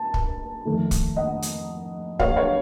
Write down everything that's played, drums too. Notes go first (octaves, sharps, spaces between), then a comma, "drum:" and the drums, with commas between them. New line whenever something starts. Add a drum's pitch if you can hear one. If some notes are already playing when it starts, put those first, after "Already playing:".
Already playing: A5
drum: kick
F2 D#3 A3
drum: kick, hi-hat
D#5 F#5
drum: hi-hat
C#5 F5, drum: kick
C#5 F5